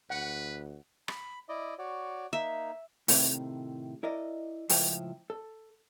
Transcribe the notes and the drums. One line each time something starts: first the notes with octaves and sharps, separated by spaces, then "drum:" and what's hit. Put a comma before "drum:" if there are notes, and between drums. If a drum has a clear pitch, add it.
D2 B4 F#5
B5, drum: rim click
E4 D5 D#5
F#4 C#5 D5
A#3 D#4 E5
A2 C3 D#3 A3 C4, drum: open hi-hat
E4 A#4 D5 D#5
C#2 A2 F3 E4 C5 G5, drum: open hi-hat
A4